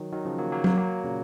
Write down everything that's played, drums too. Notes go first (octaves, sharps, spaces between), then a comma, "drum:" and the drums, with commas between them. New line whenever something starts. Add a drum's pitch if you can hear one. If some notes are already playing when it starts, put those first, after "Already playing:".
Already playing: D#3 F#3
D#3 F#3
C#3 F3
F#3 A#3
F#3 A#3
F#3 A#3, drum: tom F#3
F#3 A#3
A#2 C#3